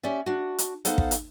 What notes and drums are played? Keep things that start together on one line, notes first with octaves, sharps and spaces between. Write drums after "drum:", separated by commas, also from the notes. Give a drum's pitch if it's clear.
C#4 G4 D5 E5
D4 F#4
drum: hi-hat
B3 D#4 A4 C5 F5 F#5, drum: hi-hat
drum: kick
drum: hi-hat